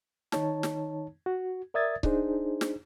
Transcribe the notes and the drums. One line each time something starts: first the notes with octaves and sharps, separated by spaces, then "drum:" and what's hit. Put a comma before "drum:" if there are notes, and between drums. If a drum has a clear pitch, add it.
D#3 D#4 C#5 A5, drum: snare
drum: snare
F#4
A#4 D5 E5 D#6 G#6 A6
D4 D#4 G#4 C5, drum: kick C#1
drum: snare